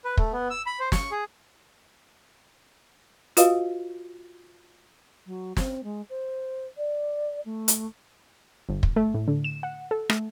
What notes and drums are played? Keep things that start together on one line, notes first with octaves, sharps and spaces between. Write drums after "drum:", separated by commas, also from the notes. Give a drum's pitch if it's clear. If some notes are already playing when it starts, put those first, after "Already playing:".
B4
A3, drum: kick
B3
E6
B5
C5
C#6, drum: snare
G#4
F4 F#4 B4 D#5 F5 D#6, drum: hi-hat
F#3
C4, drum: snare
G#3
C5
D5
A3
drum: hi-hat
G1
drum: kick
A3
A2
D3
E7
F#5
A4
A3, drum: rim click